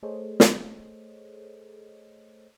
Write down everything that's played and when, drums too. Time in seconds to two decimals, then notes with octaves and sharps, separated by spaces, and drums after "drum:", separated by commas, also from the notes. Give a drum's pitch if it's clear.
0.03 A3 G#4 A4 C5 C#5 D#5
0.40 drum: snare